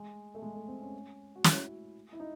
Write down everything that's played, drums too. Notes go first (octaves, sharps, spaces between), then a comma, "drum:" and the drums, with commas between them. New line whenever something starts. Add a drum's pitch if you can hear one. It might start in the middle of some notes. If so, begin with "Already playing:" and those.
Already playing: G#3
A3
G#3
A3
C4
C#4
F#4
E4, drum: snare
F#4
E4
D#4